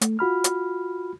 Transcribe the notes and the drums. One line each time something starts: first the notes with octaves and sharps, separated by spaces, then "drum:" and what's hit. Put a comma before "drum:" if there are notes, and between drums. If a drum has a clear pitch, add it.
A3, drum: hi-hat
F4 F#4 B5 F6
drum: hi-hat